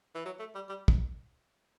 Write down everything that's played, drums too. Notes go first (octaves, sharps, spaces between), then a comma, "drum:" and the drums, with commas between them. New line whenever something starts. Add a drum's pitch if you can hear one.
E3
F#3
A3
G3
G3
drum: kick